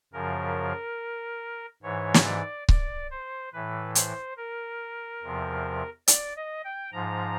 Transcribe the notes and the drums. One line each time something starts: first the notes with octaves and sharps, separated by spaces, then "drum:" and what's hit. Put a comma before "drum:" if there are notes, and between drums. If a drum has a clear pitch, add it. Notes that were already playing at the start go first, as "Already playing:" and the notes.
F#2 C#3 F3 A#4
G#2 E3 C#5
drum: snare
D5
D5, drum: kick C#1
C5
A2 E3 B4
C5, drum: hi-hat
A#4
E2 C3 F3
D5, drum: hi-hat
D#5
G5
G#2 F3 A#5